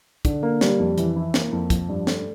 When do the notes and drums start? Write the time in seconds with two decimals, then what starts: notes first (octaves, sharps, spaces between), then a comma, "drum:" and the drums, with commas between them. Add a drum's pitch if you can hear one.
0.25 D3, drum: kick, hi-hat
0.43 A#3
0.61 G3, drum: snare
0.79 F2
0.98 E3, drum: hi-hat
1.16 E4
1.34 A#3, drum: snare
1.52 F2
1.70 F3, drum: kick, hi-hat
1.89 G2
2.07 A3, drum: snare